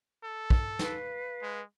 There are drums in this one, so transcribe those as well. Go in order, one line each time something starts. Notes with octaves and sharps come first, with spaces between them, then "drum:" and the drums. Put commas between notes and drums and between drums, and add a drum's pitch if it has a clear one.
A4
drum: kick
B4 F5, drum: snare
G#3